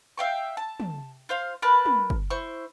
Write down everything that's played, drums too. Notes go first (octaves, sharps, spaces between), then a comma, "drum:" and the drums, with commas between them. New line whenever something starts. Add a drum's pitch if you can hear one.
E5 F5 G5 C#6
A5
drum: tom
F4 C5 F5
A#4 B4 A5 B5
drum: tom
drum: kick
E4 C5 C#6